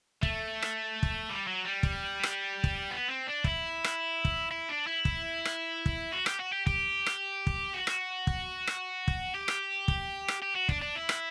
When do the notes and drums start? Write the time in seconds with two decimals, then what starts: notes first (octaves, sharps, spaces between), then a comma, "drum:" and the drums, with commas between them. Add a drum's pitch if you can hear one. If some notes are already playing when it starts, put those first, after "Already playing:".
0.23 A3, drum: kick
0.62 drum: rim click
1.03 drum: kick
1.29 G3
1.47 F#3
1.65 G3
1.83 drum: kick
2.23 drum: rim click
2.64 drum: kick
2.91 B3
3.08 C4
3.27 D4
3.44 E4, drum: kick
3.84 drum: rim click
4.25 drum: kick
4.51 E4
4.69 D4
4.87 E4
5.05 drum: kick
5.45 drum: rim click
5.86 drum: kick
6.12 F#4
6.26 G4, drum: rim click
6.40 F#4
6.53 G4
6.67 G4, drum: kick
7.06 drum: rim click
7.47 drum: kick
7.74 F#4
7.87 drum: rim click
8.27 drum: kick
8.67 drum: rim click
9.08 drum: kick
9.35 G4
9.48 drum: rim click
9.88 drum: kick
10.28 drum: rim click
10.42 G4
10.56 F#4
10.69 D4, drum: kick
10.82 D4
10.96 E4
11.09 drum: rim click